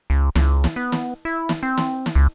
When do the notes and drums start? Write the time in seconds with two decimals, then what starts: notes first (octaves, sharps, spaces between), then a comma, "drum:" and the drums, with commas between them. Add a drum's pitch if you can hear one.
0.10 C#2
0.35 C#2, drum: snare
0.64 drum: snare
0.76 B3
0.92 drum: snare
1.25 E4
1.49 drum: snare
1.63 C4
1.78 drum: snare
2.06 drum: snare
2.15 C#2